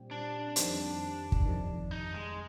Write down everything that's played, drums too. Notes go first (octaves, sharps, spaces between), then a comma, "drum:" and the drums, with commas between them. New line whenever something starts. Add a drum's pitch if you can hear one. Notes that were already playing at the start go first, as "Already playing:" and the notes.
Already playing: A#2 G3 C4 G4
D4
F2 D#3 G3 C4, drum: hi-hat
drum: kick
F2 C3 D#3
D#4
G#3